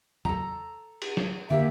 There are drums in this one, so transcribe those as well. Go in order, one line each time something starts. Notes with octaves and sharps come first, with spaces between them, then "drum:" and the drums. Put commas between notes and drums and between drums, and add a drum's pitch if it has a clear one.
A4 A#5, drum: tom E2
drum: cymbal
drum: snare
D3 A#3 G4 E5